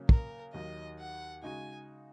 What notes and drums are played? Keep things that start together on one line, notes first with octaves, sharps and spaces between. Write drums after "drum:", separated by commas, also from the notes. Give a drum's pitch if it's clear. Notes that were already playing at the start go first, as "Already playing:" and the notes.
Already playing: C#3 F#3 A#3 C#4 F#4
A#4, drum: kick
D#2 D#3 F#3 D#5
F#5
C#3 G#3 D#4 F#4 G#5